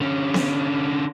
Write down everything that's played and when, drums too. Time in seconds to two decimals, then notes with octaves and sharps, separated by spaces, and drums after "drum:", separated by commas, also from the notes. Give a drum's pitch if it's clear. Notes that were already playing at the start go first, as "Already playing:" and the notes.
0.01 D3 C#4
0.34 drum: snare B3